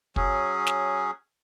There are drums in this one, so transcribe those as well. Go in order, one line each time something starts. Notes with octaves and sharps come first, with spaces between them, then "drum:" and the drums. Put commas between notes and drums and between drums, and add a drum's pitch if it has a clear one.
F#3 C#4 G#4, drum: kick
drum: snare